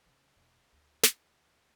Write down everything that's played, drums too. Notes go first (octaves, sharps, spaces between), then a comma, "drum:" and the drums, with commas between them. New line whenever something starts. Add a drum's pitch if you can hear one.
C#3
E1
D2
drum: snare